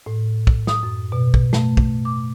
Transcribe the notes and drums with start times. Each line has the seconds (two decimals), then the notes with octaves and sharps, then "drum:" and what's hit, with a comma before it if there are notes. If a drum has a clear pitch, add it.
0.06 A2
0.47 drum: kick
0.67 D#6, drum: snare
0.83 F#2
1.12 B2
1.34 drum: kick
1.53 A3, drum: snare
1.77 drum: kick
2.05 D6